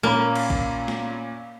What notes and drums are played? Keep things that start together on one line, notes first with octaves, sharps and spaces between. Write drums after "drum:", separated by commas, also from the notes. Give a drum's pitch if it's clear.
A#2 A#3 C#4 B5
drum: cymbal
drum: kick
drum: snare